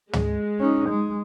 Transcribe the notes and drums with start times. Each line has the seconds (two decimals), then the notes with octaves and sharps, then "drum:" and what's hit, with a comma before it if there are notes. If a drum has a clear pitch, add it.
0.13 G#3, drum: tom
0.60 C#4 D#4
0.89 G#3